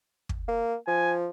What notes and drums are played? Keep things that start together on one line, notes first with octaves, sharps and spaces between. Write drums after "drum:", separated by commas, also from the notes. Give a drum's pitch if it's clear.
drum: kick
A#3
F3 G#5